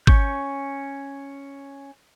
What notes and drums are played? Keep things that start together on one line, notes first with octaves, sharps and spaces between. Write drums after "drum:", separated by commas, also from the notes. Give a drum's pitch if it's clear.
C#4 C#6 G6, drum: kick